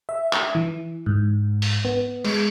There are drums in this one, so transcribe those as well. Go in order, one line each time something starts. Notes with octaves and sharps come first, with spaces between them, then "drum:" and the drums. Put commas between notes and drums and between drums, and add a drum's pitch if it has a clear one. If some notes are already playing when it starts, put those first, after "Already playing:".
E5
drum: clap
E3
G#2
drum: open hi-hat
B3
G#3, drum: cymbal